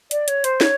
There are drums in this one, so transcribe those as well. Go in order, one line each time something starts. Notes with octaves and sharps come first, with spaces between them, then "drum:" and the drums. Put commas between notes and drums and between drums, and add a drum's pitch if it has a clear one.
D5, drum: hi-hat
C#5, drum: hi-hat
C5, drum: hi-hat
C#5, drum: snare